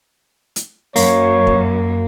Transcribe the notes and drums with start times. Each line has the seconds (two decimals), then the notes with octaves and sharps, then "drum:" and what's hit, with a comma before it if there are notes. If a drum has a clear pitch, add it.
0.56 drum: hi-hat
0.96 F#2 A#3 C#5, drum: open hi-hat
1.47 drum: kick